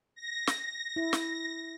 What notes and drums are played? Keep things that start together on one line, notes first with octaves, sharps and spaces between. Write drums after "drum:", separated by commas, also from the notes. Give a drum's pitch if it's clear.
A#6
drum: snare
E4
drum: snare